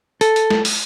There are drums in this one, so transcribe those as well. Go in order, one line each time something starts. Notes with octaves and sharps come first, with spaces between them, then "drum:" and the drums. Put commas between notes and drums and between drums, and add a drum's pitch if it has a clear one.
A4, drum: hi-hat
drum: hi-hat
drum: snare
drum: open hi-hat